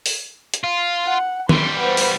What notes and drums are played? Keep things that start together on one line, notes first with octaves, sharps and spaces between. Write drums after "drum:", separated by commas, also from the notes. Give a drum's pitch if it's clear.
drum: open hi-hat
drum: hi-hat
F4
F#5
E3 G3 C6, drum: tom D#3
B3 C5
drum: open hi-hat